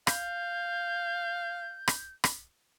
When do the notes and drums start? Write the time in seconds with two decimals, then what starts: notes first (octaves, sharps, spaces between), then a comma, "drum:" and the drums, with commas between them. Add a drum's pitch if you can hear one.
0.07 F5 G6, drum: rim click
1.88 drum: rim click
2.24 drum: rim click